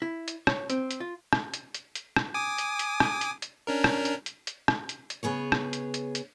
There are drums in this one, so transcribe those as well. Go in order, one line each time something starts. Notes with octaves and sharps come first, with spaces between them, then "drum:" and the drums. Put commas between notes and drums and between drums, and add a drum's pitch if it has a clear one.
E4
drum: hi-hat
C#5, drum: rim click
C4, drum: hi-hat
drum: hi-hat
F4
drum: rim click
drum: hi-hat
drum: hi-hat
drum: hi-hat
drum: rim click
G#5 D6 D#6
drum: hi-hat
drum: hi-hat
drum: rim click
drum: hi-hat
drum: hi-hat
C#4 D4 A#4
drum: rim click
drum: hi-hat
drum: hi-hat
drum: hi-hat
drum: rim click
drum: hi-hat
drum: hi-hat
C#3 B3 G#4 C#5
drum: rim click
drum: hi-hat
drum: hi-hat
drum: hi-hat